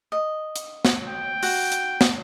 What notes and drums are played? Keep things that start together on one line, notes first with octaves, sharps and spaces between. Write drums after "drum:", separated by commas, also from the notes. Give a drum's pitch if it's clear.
D#5
drum: hi-hat
drum: snare
G5
F#4, drum: open hi-hat
drum: hi-hat
drum: snare